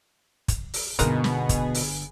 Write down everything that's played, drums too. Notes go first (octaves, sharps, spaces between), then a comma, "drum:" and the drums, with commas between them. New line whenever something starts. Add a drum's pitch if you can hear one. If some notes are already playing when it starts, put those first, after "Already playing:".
drum: kick, hi-hat
drum: open hi-hat
G1 B2 D3 G#3 A#3 B3 D#4 G#4, drum: hi-hat
drum: snare
drum: kick, hi-hat
drum: open hi-hat